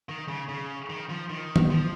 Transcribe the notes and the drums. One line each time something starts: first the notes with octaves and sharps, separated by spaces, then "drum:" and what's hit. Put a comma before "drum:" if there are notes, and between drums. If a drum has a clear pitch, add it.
D#3
C#3
C#3
D#3
F3
D#3
drum: tom D#3
F3